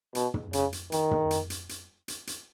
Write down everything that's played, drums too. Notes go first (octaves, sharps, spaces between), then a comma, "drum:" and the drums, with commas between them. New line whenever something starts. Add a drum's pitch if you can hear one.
B2, drum: hi-hat
drum: tom
C#3, drum: hi-hat
drum: hi-hat
D#3, drum: hi-hat
drum: tom
drum: hi-hat
drum: hi-hat
drum: hi-hat
drum: hi-hat
drum: hi-hat